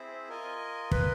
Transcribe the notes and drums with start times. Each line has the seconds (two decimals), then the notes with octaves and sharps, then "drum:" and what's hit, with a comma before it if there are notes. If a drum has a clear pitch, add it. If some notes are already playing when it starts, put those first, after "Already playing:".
Already playing: C4 E4 G#4 C5 E5
0.29 F4 A#4 D#5 G#5
0.91 B4, drum: kick